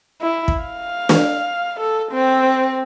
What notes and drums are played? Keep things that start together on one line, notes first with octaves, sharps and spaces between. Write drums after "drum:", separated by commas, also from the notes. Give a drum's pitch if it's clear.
E4
drum: kick
F5
drum: snare
A4
C4